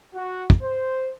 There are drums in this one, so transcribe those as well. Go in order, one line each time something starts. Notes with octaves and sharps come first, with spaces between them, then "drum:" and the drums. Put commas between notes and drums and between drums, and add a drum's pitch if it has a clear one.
F#4
drum: kick
C5